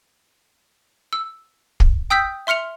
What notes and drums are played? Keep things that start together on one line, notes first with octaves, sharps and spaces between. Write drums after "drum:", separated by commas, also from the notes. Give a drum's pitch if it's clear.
E6
drum: kick
G5 D#6 E6 G6 B6
E5 C6 F6 C#7 F7